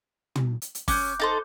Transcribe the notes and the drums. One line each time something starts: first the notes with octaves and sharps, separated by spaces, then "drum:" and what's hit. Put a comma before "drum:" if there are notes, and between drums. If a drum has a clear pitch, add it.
drum: tom
drum: hi-hat
drum: hi-hat
C#4 D6 F#6 G6, drum: kick, open hi-hat
D#4 A4 C5